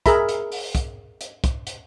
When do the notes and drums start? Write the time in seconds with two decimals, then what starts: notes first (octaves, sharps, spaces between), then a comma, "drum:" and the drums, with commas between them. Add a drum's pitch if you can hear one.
0.06 G#4 A#4 E5 A#5 B5, drum: kick, hi-hat
0.29 drum: hi-hat
0.52 drum: open hi-hat
0.75 drum: kick, hi-hat
1.21 drum: hi-hat
1.44 drum: kick, hi-hat
1.67 drum: hi-hat